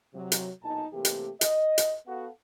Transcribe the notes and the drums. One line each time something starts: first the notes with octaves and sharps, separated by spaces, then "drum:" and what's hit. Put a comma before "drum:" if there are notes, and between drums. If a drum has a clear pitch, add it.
C3 F#3
drum: hi-hat
B1 A#2 D#4 G#5 A5
C3 E3 A3 A#3 G4
drum: hi-hat
D#5, drum: hi-hat
drum: hi-hat
B3 F#4 A4 F5 F#5